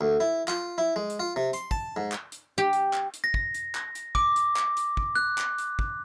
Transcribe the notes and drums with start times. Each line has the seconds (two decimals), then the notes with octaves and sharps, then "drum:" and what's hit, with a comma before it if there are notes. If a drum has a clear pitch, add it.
0.01 D2
0.20 E4
0.48 F4, drum: clap
0.78 E4
0.96 G#3
1.10 drum: hi-hat
1.20 F4
1.36 C3
1.53 C6, drum: hi-hat
1.71 A5, drum: kick
1.96 G#2
2.12 drum: clap
2.32 drum: hi-hat
2.58 G4
2.73 drum: hi-hat
2.93 drum: clap
3.14 drum: hi-hat
3.24 A#6
3.34 drum: kick
3.54 drum: hi-hat
3.75 drum: clap
3.95 drum: hi-hat
4.15 D6, drum: kick
4.36 drum: hi-hat
4.56 drum: clap
4.77 drum: hi-hat
4.97 drum: kick
5.16 F#6
5.38 drum: clap
5.58 drum: hi-hat
5.79 drum: kick